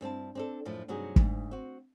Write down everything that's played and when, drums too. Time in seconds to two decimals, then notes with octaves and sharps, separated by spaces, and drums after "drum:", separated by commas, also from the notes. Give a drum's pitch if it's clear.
0.01 G2 C4 E4 A5
0.35 C4 D4 A4
0.65 F#2 A2 F3
0.88 G2 C3 F#3 D#4 F#4 G#4
1.16 D2 G#2, drum: kick
1.51 C4 F#4